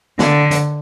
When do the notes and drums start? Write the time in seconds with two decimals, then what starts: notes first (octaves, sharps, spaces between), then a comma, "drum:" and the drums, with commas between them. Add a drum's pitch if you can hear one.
0.19 D3, drum: snare
0.51 drum: hi-hat